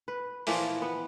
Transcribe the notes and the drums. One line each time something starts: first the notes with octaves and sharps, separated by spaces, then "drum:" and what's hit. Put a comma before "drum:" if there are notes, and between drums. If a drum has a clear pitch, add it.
B4
A#2 E3 F3 A#3, drum: open hi-hat
B3